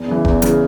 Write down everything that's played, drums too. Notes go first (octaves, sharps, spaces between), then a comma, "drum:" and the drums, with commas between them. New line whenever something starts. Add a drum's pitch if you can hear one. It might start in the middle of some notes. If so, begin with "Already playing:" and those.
Already playing: E2
C#3 E3
E2, drum: kick F1
C#3 E3, drum: hi-hat